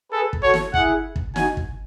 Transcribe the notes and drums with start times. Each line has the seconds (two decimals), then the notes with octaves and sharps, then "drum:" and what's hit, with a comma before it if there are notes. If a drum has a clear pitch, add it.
0.12 G#4 A4 B4
0.33 drum: kick
0.43 F#4 A4 C#5
0.54 drum: snare
0.74 E4 G#4 F#5, drum: kick
1.16 drum: kick
1.36 D#4 F#4 G#5, drum: snare
1.57 drum: kick